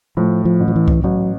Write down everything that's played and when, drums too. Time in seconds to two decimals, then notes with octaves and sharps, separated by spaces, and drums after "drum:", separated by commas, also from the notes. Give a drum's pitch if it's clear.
0.17 A2 F3
0.45 F3
0.60 A1
0.68 F3
0.76 E3
0.88 drum: kick C2
1.04 A1 F#3